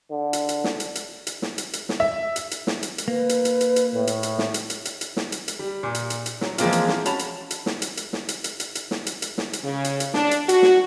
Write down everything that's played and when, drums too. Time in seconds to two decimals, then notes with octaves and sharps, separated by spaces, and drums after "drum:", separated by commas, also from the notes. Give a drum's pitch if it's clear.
0.11 D3
0.33 drum: hi-hat
0.49 drum: hi-hat
0.64 drum: snare
0.80 drum: hi-hat
0.95 drum: hi-hat
1.27 drum: hi-hat
1.42 drum: snare
1.58 drum: hi-hat
1.73 drum: hi-hat
1.89 drum: snare
2.00 E5
2.36 drum: hi-hat
2.51 drum: hi-hat
2.67 drum: snare
2.83 drum: hi-hat
2.98 drum: hi-hat
3.08 A#3 B4
3.29 drum: hi-hat
3.45 drum: hi-hat
3.61 drum: hi-hat
3.76 drum: hi-hat
3.95 A2
4.07 drum: hi-hat
4.23 drum: hi-hat
4.39 drum: snare
4.54 drum: hi-hat
4.70 drum: hi-hat
4.85 drum: hi-hat
5.01 drum: hi-hat
5.17 drum: snare
5.32 drum: hi-hat
5.48 drum: hi-hat
5.59 G3
5.83 A#2
5.95 drum: hi-hat
6.10 drum: hi-hat
6.26 drum: hi-hat
6.41 F#3, drum: snare
6.58 E3 F3 G#3 A#3 C4 F4, drum: hi-hat
6.73 drum: hi-hat
6.88 drum: snare
7.06 C#4 F#4 A5 B5 F7, drum: hi-hat
7.19 drum: hi-hat
7.51 drum: hi-hat
7.66 drum: snare
7.82 drum: hi-hat
7.97 drum: hi-hat
8.13 drum: snare
8.29 drum: hi-hat
8.44 drum: hi-hat
8.60 drum: hi-hat
8.75 drum: hi-hat
8.91 drum: snare
9.06 drum: hi-hat
9.22 drum: hi-hat
9.38 drum: snare
9.53 drum: hi-hat
9.63 C#3
9.84 drum: hi-hat
10.00 drum: hi-hat
10.14 D4, drum: snare
10.31 drum: hi-hat
10.49 F#4, drum: hi-hat
10.62 drum: snare